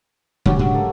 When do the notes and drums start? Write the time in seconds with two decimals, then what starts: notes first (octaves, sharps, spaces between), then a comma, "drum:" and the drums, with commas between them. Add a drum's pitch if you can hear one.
0.46 F#2 D3 F3 C#4 F#4 G4, drum: kick
0.59 G#2 C#3 D4
0.74 A#3 A4